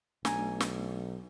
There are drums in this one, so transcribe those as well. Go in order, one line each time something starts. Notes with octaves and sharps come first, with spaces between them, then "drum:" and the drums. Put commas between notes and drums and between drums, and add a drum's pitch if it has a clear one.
B1 A3 D4 G#5 A#5, drum: snare
drum: snare